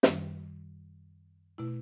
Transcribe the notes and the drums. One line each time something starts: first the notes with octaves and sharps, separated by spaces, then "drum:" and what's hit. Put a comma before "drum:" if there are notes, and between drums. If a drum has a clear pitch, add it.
F#2 D#3 G3, drum: snare
B2 A3 E4